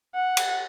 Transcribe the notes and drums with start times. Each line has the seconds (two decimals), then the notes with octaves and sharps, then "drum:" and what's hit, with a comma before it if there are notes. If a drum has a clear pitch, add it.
0.14 F#5
0.37 drum: cymbal